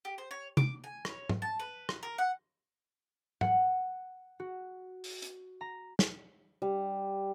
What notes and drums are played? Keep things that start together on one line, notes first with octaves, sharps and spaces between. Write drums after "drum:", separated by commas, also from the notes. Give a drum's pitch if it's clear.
G4
C5
C#5
D6, drum: tom C3
G#5
C#5, drum: rim click
drum: tom
A5
B4
drum: rim click
A#4
F#5
F#5, drum: tom
F#4
drum: open hi-hat
drum: hi-hat
A#5
drum: snare
G3